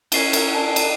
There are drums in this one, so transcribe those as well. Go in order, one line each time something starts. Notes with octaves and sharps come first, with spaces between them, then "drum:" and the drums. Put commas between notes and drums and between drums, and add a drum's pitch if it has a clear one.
C#4 C7 G7, drum: cymbal
drum: cymbal
D4 G#5
drum: cymbal